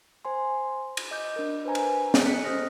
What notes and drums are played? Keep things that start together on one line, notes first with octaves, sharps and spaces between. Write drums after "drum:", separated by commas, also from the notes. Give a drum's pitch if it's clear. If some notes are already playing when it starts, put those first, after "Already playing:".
C5 G#5 C6
drum: cymbal
D#5 D6 G6
D4 A#4
B4 C5 G#5 A#5
drum: cymbal
drum: snare
G#4 A4 D#5 F#6 B6 C#7
C#4 G4 C5 D#6 F6 A#6